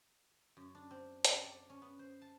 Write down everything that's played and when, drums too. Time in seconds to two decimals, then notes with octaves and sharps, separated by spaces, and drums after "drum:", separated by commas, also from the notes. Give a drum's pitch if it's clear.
0.57 F#2
0.75 D4
0.91 C4
1.25 A4, drum: hi-hat
1.44 D5
1.70 C#4
1.82 B3
1.99 C5
2.22 A5